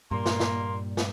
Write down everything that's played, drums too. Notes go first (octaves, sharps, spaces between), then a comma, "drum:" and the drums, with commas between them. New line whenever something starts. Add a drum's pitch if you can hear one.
G2 A#2 G3 A#3 C6
drum: snare
drum: snare
drum: snare